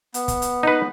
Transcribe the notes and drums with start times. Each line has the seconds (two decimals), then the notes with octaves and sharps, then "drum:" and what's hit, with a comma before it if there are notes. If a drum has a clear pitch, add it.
0.14 B3, drum: hi-hat
0.28 drum: kick, hi-hat
0.42 drum: hi-hat
0.63 D#4 B4